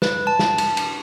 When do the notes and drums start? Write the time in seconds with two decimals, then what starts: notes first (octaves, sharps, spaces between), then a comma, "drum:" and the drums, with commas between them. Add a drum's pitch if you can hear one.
0.02 B4, drum: snare
0.27 A5
0.39 drum: snare
0.58 drum: cymbal
0.77 drum: cymbal